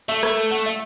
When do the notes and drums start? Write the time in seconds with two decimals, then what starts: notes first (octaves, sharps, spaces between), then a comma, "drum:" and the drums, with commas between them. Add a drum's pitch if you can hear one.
0.08 A3 E5, drum: hi-hat
0.23 drum: rim click
0.37 drum: hi-hat
0.51 F#5, drum: hi-hat
0.66 E5, drum: hi-hat